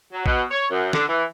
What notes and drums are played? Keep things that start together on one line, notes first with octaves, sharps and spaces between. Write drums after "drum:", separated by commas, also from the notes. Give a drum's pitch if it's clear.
F#3
B2, drum: kick
C#5
F#2
D3, drum: snare
E3